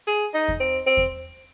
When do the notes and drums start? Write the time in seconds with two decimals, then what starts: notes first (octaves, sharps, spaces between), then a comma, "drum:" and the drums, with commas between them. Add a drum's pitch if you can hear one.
0.07 G#4
0.34 D#4
0.48 drum: kick E2
0.60 C4
0.86 C4
0.97 drum: kick E2